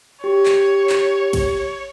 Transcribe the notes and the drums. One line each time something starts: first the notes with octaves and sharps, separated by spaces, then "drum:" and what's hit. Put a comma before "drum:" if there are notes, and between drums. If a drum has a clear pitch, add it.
G4 C#5
drum: clap
drum: clap
drum: kick, cymbal